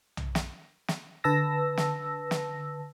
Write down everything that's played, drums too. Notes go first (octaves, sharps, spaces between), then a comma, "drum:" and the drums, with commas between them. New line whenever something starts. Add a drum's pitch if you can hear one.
drum: tom B1
drum: snare
drum: snare
D3 B4 A5 E6 A#6
drum: snare
drum: snare